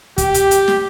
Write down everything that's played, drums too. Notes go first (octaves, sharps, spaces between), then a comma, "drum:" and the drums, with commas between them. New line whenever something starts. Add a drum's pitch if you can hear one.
G4, drum: kick, hi-hat
drum: hi-hat
drum: hi-hat
drum: snare